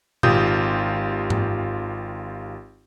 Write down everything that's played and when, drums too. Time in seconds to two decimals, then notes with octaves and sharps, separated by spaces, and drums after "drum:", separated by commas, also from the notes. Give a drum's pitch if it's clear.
0.23 G#1 F4 G4 D#6 G6, drum: tom A#2
1.30 drum: tom G#2